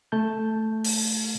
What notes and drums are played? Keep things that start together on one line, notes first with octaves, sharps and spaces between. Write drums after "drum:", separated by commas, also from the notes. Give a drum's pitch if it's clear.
A3 A5 G6
drum: open hi-hat